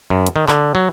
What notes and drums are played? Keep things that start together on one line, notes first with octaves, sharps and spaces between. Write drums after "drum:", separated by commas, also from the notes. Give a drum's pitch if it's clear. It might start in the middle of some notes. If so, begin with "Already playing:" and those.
F#2
drum: hi-hat
D#3
D3, drum: clap
F#3